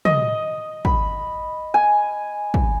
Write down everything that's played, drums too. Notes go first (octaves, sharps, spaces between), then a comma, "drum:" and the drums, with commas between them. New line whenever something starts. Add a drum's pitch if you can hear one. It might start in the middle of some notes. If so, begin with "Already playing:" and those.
D#5, drum: tom
B5, drum: kick
G#5
drum: kick